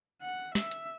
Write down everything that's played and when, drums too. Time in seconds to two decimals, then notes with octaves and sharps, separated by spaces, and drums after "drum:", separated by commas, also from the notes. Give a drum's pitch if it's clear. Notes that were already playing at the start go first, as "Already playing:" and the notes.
0.22 F#5
0.55 E5, drum: snare
0.71 drum: hi-hat